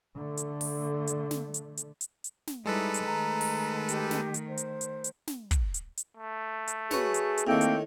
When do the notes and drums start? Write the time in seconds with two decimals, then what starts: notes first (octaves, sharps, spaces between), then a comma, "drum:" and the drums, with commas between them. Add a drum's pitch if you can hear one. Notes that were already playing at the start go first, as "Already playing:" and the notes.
0.15 D3 A3
0.37 drum: hi-hat
0.61 drum: open hi-hat
1.07 drum: hi-hat
1.31 drum: snare
1.54 drum: hi-hat
1.77 drum: hi-hat
2.01 drum: hi-hat
2.24 drum: hi-hat
2.47 drum: snare
2.65 G3 G#3 D#4 E4 A4 B4
2.94 drum: hi-hat
3.06 D#3 A3 A#5
3.41 drum: open hi-hat
3.89 G4, drum: hi-hat
4.11 drum: snare
4.34 drum: hi-hat
4.48 C5
4.57 drum: hi-hat
4.81 drum: hi-hat
5.04 drum: hi-hat
5.27 drum: snare
5.51 drum: kick, hi-hat
5.74 drum: hi-hat
5.97 drum: hi-hat
6.17 A3
6.67 drum: hi-hat
6.91 F#4 G#4 B4 C#5, drum: snare
7.14 drum: hi-hat
7.38 drum: hi-hat
7.47 A2 D#3 A3 A#3 C4 G5
7.61 drum: hi-hat